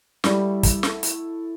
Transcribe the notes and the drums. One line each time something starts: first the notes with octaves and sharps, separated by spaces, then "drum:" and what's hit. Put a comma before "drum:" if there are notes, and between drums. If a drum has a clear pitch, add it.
G3 A3 E4 A4, drum: snare
drum: kick, hi-hat
A3 E4 A4, drum: snare
drum: hi-hat